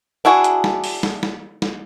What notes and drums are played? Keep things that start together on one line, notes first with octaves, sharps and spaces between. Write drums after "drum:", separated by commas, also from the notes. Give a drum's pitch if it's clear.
D4 E4 F#4 G#4
drum: hi-hat
drum: snare
drum: open hi-hat
drum: snare
drum: snare
drum: snare